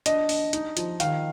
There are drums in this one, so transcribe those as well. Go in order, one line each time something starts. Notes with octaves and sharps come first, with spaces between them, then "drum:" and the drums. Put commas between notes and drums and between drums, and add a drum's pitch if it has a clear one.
D4 D#5, drum: hi-hat
D4, drum: open hi-hat
D#4, drum: hi-hat
F3, drum: hi-hat
D#3 F5, drum: hi-hat